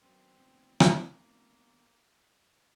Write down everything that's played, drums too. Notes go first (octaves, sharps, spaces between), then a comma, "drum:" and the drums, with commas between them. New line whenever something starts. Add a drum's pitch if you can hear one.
F#2 B3 C4 D4
F1
drum: rim click
A#3